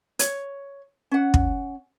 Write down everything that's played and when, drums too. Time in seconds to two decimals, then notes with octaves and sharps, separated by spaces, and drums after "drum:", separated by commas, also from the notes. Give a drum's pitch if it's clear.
0.19 C#5, drum: hi-hat
1.11 C#4 F#5
1.34 drum: kick